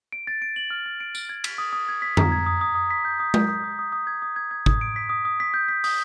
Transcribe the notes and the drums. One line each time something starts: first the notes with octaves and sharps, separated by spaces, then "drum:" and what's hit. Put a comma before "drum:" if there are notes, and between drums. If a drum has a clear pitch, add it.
D7
A6
D7
F#7
F6
A6
D7
D7, drum: tambourine
G#6
B6, drum: cymbal
D#6
D#6
G#6
B6
A#5, drum: tom F2
G#6
D#6
D#6
D#6
B6
G6
D#6
G6, drum: tom G#3
D#6
D#6
D#6
D#6
G#6
D#6
G#6
G#6
D#6, drum: kick
D7
B6
D#6
D#6
B6
G6
B6
D#6, drum: open hi-hat